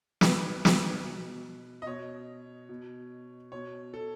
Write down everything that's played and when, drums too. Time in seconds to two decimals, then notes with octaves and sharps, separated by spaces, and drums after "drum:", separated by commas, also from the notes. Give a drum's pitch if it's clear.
0.21 B2 B4, drum: snare
0.65 drum: snare
1.04 B2
1.82 D#5
1.86 B2 C#5
2.69 B2
3.52 B2 C#5
3.94 A4